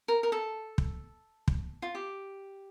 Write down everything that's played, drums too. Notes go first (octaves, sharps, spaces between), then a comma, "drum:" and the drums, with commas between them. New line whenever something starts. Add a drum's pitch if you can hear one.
A#4
A#4
A4
drum: kick
drum: kick
F4
G4